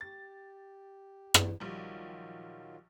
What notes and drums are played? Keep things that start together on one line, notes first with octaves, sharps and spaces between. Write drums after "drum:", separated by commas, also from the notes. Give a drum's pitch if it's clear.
G4 A6
drum: rim click
A#1 D#3 F#3 G3 F4